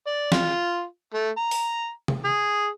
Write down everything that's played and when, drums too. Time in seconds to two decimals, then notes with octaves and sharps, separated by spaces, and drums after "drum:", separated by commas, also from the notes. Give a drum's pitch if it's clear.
0.06 D5
0.32 F4, drum: snare
1.14 A3
1.37 A#5
1.51 drum: open hi-hat
2.08 drum: tom C3
2.24 G#4